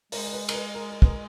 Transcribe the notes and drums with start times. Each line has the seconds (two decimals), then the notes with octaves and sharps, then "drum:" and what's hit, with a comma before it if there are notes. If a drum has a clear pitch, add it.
0.12 G#3 A#4, drum: open hi-hat
0.25 A#4
0.33 B4
0.49 A#4, drum: cymbal
0.54 B4
0.74 A#4
0.90 A#4
1.02 B4, drum: kick
1.06 A#4